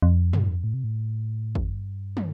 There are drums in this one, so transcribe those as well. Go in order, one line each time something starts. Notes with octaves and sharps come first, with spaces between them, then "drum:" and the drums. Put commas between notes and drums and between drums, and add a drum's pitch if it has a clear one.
F2
G2, drum: tom
F2
A2
C3
A2
F2, drum: kick G#1
G2
drum: tom